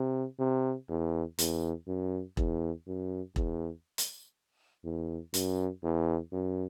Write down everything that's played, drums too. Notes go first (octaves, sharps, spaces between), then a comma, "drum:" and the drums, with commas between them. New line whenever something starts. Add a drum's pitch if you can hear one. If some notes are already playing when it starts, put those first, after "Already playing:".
Already playing: C3
C3
E2
E2, drum: hi-hat
F#2
E2, drum: kick E1
F#2
E2, drum: kick E1
drum: hi-hat
E2
F#2, drum: hi-hat
E2
F#2